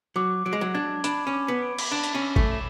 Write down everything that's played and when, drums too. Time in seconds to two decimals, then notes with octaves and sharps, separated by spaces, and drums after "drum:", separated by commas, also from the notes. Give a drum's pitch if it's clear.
0.16 F#3 D6
0.46 F#3 D7
0.53 G#3
0.61 F#3
0.74 D4 G#6
1.04 D4 B5, drum: hi-hat
1.27 C#4
1.34 D6
1.48 B3
1.62 D7
1.79 drum: cymbal
1.92 D4 A6
2.04 drum: hi-hat
2.15 C#4
2.22 E6
2.36 A3, drum: kick
2.51 E7